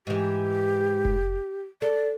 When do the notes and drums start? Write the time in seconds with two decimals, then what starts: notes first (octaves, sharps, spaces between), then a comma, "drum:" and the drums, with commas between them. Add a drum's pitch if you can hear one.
0.07 G#2 E3 G4
1.05 drum: kick F1
1.82 A4 D5